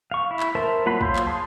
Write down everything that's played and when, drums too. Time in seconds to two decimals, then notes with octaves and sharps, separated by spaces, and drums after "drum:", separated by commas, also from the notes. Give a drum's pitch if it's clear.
0.11 F5 C#6
0.31 E4
0.40 drum: clap
0.55 A#4 C5 E5 A5
0.86 F#3 A#3 F4 F#5 B5
1.01 C#5 F5 C6 E6 G6, drum: kick
1.16 drum: clap
1.27 G#4 A5 C6